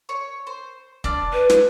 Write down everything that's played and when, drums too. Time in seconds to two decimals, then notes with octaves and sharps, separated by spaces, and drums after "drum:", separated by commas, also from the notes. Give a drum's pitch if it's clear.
0.09 C#5
0.47 C5
1.04 D4 D5 F6, drum: kick
1.33 B4
1.50 drum: snare